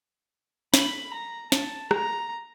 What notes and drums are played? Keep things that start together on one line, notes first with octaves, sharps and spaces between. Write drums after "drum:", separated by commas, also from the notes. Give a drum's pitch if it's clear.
B5, drum: snare
A#5
A5, drum: snare
A#5, drum: rim click